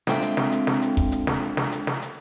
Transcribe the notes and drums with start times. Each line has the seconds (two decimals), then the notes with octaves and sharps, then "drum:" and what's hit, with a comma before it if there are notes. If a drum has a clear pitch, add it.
0.07 D3 G#3 C4 F4 E5 G5, drum: snare
0.22 drum: hi-hat
0.37 drum: snare
0.52 drum: hi-hat
0.67 drum: snare
0.82 drum: hi-hat
0.97 drum: kick, hi-hat
1.12 drum: hi-hat
1.27 drum: snare
1.57 drum: snare
1.72 drum: hi-hat
1.87 drum: snare
2.02 drum: hi-hat